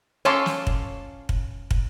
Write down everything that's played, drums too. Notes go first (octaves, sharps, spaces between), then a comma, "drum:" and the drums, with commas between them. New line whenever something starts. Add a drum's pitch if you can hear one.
C#4 F4 A4 C#5 C6 D6
drum: snare
drum: kick
drum: kick
drum: kick